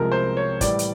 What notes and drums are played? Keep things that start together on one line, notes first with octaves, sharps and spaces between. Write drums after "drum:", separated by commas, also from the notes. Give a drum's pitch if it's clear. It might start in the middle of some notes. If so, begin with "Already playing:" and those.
Already playing: C2 C3 F3 G#3 A#4
C5
C#5
A2 E3 G3 D5, drum: kick, hi-hat
drum: hi-hat